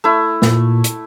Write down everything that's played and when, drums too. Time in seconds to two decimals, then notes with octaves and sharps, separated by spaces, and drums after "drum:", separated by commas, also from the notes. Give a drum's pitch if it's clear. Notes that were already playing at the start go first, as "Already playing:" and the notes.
0.04 A3 E4
0.42 A#2, drum: snare
0.84 drum: hi-hat